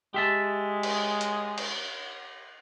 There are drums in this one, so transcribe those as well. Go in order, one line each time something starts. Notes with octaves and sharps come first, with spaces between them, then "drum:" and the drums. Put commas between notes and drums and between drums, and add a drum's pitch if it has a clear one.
G#3 G4 E5 A5
drum: cymbal
drum: hi-hat
drum: cymbal